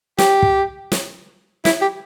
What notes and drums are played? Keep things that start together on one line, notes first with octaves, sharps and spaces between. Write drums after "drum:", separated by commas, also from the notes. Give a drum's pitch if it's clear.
G4, drum: snare
drum: kick
drum: snare
E4, drum: snare
G4